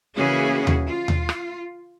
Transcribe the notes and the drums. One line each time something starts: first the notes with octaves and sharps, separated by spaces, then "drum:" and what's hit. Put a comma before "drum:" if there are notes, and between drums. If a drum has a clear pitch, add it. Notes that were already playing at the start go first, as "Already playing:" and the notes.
C#3 E3 A#3 C#4 F#4 G#4
drum: tom D#2
F4
drum: tom D#2
drum: rim click